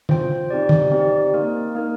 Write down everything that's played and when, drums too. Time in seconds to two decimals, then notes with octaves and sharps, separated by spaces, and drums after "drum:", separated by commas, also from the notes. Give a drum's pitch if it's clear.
0.09 F4 C5 G5, drum: tom
0.50 C4 D#4 G4 D5
0.69 drum: tom
0.92 C4 D#4 G4 D5
1.34 A#3 D#4 A#4
1.75 A#3 D#4 A#4